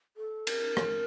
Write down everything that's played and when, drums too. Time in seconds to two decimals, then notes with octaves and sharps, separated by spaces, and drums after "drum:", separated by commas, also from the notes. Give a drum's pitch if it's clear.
0.17 A4
0.47 A#4, drum: cymbal
0.77 drum: rim click